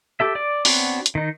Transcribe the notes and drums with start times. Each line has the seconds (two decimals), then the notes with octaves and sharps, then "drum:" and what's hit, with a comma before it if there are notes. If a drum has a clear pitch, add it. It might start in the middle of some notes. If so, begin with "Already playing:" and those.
0.20 G4 A4 E5
0.35 D5 D6
0.65 B3 C4 D4 F#4 C#5, drum: open hi-hat
1.06 drum: hi-hat
1.15 D#3 D#4